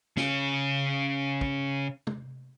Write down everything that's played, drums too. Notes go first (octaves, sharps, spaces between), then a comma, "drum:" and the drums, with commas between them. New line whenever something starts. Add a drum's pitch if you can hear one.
C#3 C#4, drum: snare
drum: kick
drum: tom